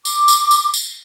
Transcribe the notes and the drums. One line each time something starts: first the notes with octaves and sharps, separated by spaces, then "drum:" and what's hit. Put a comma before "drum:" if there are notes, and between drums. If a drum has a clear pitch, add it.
D6, drum: tambourine
drum: tambourine
drum: tambourine
drum: tambourine